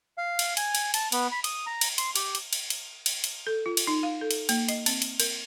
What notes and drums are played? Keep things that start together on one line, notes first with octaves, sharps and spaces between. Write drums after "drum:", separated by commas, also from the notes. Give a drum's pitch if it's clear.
F5
drum: cymbal
G#5, drum: cymbal
drum: cymbal
A5, drum: cymbal
B3, drum: cymbal
B5
D#6, drum: cymbal
A#5
drum: cymbal
C6, drum: cymbal
G4, drum: cymbal
drum: cymbal
drum: cymbal
drum: cymbal
drum: cymbal
drum: cymbal
A4
F4
drum: cymbal
D#4
F5
A4
drum: cymbal
A#3, drum: cymbal
D#5, drum: cymbal
C4, drum: cymbal
drum: cymbal
A#4, drum: cymbal